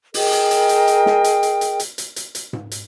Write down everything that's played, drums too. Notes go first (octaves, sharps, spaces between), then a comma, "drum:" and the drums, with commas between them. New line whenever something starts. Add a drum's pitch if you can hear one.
G#4 A#4 D#5 G5, drum: open hi-hat
drum: hi-hat
drum: hi-hat
drum: hi-hat
drum: hi-hat
drum: snare
drum: hi-hat
drum: hi-hat
drum: hi-hat
drum: hi-hat
drum: hi-hat
drum: hi-hat
drum: hi-hat
drum: tom G#2
drum: hi-hat